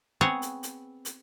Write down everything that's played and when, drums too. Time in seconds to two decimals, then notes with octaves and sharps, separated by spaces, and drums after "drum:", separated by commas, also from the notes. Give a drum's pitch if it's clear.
0.21 B3 C4 G#4 C#5 F#5
0.42 drum: hi-hat
0.63 drum: hi-hat
1.05 drum: hi-hat